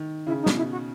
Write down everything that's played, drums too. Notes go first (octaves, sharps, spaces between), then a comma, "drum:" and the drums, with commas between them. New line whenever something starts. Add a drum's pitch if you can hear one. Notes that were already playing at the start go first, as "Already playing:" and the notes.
Already playing: D#3
C#3 E4
D#4
B2, drum: snare
E4
F#4